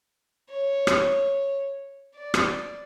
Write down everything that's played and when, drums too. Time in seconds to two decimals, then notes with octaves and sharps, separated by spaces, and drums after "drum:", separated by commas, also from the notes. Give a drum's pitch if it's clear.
0.50 C#5
0.87 drum: rim click
2.15 D5
2.34 drum: rim click